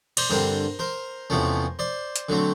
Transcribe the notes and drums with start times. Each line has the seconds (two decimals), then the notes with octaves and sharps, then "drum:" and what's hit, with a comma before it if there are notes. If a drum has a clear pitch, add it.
0.17 C5 D5, drum: cymbal
0.30 G2 D3 G3 C4 A#4 C5
0.79 A#4 C5
1.30 E2 C3 F3 A3 C#4
1.79 C5 D5
2.16 drum: hi-hat
2.29 D3 F#3 A3 C4